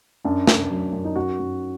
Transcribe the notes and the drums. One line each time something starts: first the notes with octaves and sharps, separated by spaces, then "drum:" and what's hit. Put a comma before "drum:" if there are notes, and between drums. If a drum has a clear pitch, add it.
F#2 D4
F#2, drum: snare
F#3
F#2
D#4
F#2 F#4
F#2